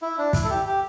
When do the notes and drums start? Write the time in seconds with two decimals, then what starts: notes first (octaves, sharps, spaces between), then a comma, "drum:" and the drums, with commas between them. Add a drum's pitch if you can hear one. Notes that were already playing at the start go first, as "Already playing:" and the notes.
0.02 E4
0.18 D4
0.33 E4, drum: kick, hi-hat
0.44 A4
0.50 G4
0.66 G4